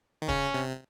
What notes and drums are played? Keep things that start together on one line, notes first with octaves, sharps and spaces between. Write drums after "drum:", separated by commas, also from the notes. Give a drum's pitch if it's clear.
D#3
C#3 C#4, drum: kick
C3